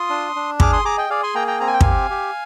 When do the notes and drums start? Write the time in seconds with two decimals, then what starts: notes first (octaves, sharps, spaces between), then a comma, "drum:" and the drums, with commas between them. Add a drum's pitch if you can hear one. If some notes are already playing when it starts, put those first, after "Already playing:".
Already playing: F4 C6 D#6
0.10 D4
0.36 D4
0.60 G#4 D6 F6, drum: kick
0.72 C6 D#6
0.85 G#4 A#5 D6
0.98 D#5 G5
1.10 G#4 D5 F5
1.23 G#5 C6
1.35 A#3 G5 A#5
1.47 G5 A#5
1.60 C4 A#5
1.67 G#5
1.74 G5
1.81 G4 F5 G#5, drum: kick
2.10 G4